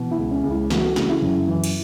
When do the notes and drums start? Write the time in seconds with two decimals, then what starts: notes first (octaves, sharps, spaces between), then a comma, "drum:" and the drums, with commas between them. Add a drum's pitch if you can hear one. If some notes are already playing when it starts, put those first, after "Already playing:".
Already playing: B2 E3
0.11 E4
0.18 C#2
0.31 C#4
0.44 C#2
0.50 E4
0.70 E3 F#4, drum: snare
0.84 A4
0.96 C#3 F#4, drum: snare
1.09 E4
1.22 F#2
1.48 E3
1.64 drum: cymbal